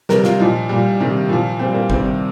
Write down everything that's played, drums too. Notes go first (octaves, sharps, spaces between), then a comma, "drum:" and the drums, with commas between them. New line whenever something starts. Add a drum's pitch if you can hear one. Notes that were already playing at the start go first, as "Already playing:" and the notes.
C3 G3 A#4, drum: snare
F4, drum: snare
A#2 F3 D#4
A#2 G3
C3 D#3 G3
A#2 F3
A#2 G3 C4
A#3
C3 D#3 G3 C4, drum: kick